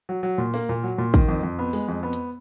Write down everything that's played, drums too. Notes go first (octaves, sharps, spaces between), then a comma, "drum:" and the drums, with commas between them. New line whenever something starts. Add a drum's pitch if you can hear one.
F#3
F#3
A#2
A#3, drum: open hi-hat
A#2
F#3
A#2
D#3, drum: kick, hi-hat
F2
F2
B3
G#3, drum: open hi-hat
F2
B3
drum: hi-hat